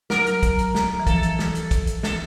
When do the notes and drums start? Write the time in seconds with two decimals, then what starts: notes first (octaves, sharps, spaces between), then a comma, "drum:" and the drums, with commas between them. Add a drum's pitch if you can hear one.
0.10 F#3 A#4, drum: snare
0.27 drum: hi-hat
0.43 drum: kick, hi-hat
0.59 drum: hi-hat
0.75 drum: snare
1.00 E3
1.07 F3 A4, drum: kick, hi-hat
1.23 drum: hi-hat
1.39 drum: snare
1.55 drum: hi-hat
1.71 drum: kick, hi-hat
1.87 drum: hi-hat
2.03 E3 A4, drum: snare